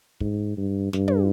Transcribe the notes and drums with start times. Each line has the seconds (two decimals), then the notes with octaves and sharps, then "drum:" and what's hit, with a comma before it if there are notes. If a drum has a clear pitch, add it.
0.20 G#2, drum: kick
0.57 G2
0.93 G2, drum: snare
1.08 drum: tom